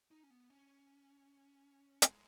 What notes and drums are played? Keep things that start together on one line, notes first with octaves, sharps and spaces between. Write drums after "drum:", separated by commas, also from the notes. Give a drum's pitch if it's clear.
D#4
C#4
B3
C#4
G#3, drum: hi-hat